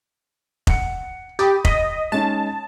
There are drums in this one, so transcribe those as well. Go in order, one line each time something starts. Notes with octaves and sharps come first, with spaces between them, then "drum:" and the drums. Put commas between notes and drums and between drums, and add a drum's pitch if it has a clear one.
F#5 C#7, drum: kick F1
G4 B5 D#6 A6
D#5 B6 D#7, drum: kick F1
G#3 C#4 D#4 A5